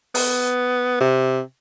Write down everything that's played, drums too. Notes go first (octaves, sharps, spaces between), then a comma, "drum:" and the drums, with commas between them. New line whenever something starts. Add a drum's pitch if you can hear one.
B3, drum: open hi-hat
C3